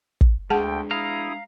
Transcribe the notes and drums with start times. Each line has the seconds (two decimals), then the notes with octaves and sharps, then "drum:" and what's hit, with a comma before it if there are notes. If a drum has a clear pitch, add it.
0.21 drum: kick
0.50 D2 G#3 D4 G#4 F#5 G5 A5
0.91 E4 F5 A#5 D#6 F6